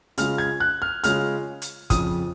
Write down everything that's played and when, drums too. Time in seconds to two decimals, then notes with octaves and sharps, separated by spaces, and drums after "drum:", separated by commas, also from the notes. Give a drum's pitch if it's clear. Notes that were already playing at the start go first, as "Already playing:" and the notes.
0.18 C#3 G#3 C#4 F4 F6, drum: hi-hat
0.38 G#6
0.60 F#6
0.82 F6
1.04 C#3 G#3 C#4 F4 F6, drum: hi-hat
1.62 drum: hi-hat
1.90 F2 C#3 F3 D#6, drum: kick, hi-hat